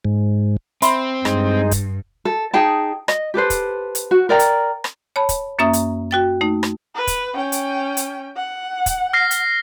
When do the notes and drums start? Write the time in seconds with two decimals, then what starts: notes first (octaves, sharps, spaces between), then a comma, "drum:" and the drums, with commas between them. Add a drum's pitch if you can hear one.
0.05 G#2
0.82 C4 E5 B5 C6, drum: hi-hat
1.25 G2 G#3 D#4, drum: rim click
1.71 drum: kick, hi-hat
2.25 A4
2.53 D#4 G#4 G5 A5
3.08 D#5, drum: rim click
3.34 G4 A4 B4 C5
3.50 drum: kick, hi-hat
3.95 drum: hi-hat
4.11 F#4
4.29 A#4 D5 G5 A#5
4.39 drum: hi-hat
4.84 drum: rim click
5.16 C#5 A5 B5
5.29 drum: kick, hi-hat
5.59 F#2 A#3 C#4 E5 A#5 D#6
5.73 drum: hi-hat
6.11 F#4 G5 A6
6.41 A3 D#4
6.63 drum: rim click
6.95 B4
7.07 drum: kick, hi-hat
7.34 C#4 G5
7.52 drum: hi-hat
7.97 drum: hi-hat
8.36 F#5
8.86 drum: kick, hi-hat
9.13 F6 A#6 C7
9.31 drum: hi-hat